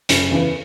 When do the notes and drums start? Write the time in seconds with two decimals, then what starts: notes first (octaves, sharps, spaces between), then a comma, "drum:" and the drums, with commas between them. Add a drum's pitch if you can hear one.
0.09 F#1, drum: hi-hat
0.31 E2 C#3 E3